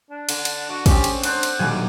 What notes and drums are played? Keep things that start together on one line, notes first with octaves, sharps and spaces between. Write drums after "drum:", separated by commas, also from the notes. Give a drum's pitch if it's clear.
D4
D3, drum: cymbal
drum: cymbal
F#4 D5
G#3 C4 C#4 G4, drum: kick, cymbal
drum: cymbal
D4 C5 F#5, drum: cymbal
drum: cymbal
D#1 B2 F#3 D5 G#5